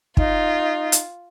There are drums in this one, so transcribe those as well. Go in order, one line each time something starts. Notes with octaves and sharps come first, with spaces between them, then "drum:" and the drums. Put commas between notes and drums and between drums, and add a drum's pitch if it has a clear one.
D#4 F4, drum: kick
drum: hi-hat